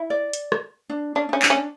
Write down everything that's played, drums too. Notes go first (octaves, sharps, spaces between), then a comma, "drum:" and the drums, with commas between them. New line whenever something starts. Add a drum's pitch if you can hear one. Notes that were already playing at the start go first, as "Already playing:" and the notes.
Already playing: E4
D5
drum: hi-hat
drum: rim click
D4
C#4 D4
C#4 D4
D4, drum: clap
C#4
D4